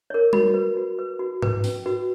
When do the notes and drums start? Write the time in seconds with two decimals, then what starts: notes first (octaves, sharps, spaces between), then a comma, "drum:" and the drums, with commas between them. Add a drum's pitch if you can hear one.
0.10 A#4 C#5
0.33 F#4 B5, drum: tom G3
0.54 B4
0.77 F#4
0.99 B4
1.19 F#4
1.42 B4, drum: tom G#2
1.64 C#4, drum: open hi-hat
1.86 F#4 B4